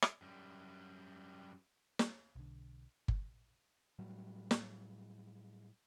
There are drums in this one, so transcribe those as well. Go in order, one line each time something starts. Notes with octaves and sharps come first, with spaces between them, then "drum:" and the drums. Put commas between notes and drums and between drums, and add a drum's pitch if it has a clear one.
drum: rim click
F#2 G3
drum: snare
B1 D3
drum: kick G1
A2 F#3 G3
drum: snare